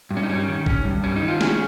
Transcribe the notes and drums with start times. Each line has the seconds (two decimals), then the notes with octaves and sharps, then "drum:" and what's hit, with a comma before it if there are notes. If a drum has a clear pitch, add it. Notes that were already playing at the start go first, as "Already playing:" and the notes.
0.11 G2
0.17 C#4
0.23 D#4
0.29 G3 C#4
0.48 D#3
0.66 C#4, drum: kick B1
0.85 G2
1.03 G3 C#4
1.16 D#4
1.22 D#3
1.28 F4
1.41 C#4 G#4, drum: snare